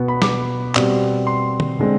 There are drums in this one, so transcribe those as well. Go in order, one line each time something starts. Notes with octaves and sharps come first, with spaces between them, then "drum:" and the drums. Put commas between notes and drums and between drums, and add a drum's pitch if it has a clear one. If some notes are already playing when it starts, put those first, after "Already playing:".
Already playing: B2 B3
B5
D6, drum: snare
B2 G3 C4, drum: clap
C6
drum: tom
D3 G#3 C4